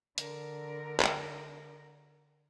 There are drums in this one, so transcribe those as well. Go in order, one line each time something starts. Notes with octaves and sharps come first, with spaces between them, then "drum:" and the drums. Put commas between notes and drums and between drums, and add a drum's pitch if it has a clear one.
D3 A#4, drum: hi-hat
drum: clap